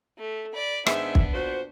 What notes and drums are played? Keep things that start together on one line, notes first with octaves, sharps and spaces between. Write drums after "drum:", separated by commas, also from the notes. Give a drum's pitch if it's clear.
A3
D5 B5
G#2 D#3 B3 D4 E5, drum: rim click
drum: kick
A#2 F#4 C5